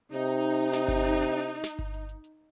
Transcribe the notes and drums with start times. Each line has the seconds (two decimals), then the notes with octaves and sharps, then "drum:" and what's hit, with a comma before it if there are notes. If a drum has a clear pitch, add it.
0.13 C3 D#4, drum: hi-hat
0.28 drum: hi-hat
0.43 drum: hi-hat
0.58 drum: hi-hat
0.73 drum: snare
0.88 drum: kick G1, hi-hat
1.03 drum: hi-hat
1.18 drum: hi-hat
1.48 drum: hi-hat
1.64 drum: snare
1.79 drum: kick G1, hi-hat
1.94 drum: hi-hat
2.09 drum: hi-hat
2.24 drum: hi-hat